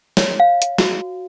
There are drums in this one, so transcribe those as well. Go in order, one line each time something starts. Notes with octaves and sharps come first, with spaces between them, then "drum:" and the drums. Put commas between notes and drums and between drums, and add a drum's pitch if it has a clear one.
C#5, drum: snare
F5
drum: hi-hat
F#4, drum: snare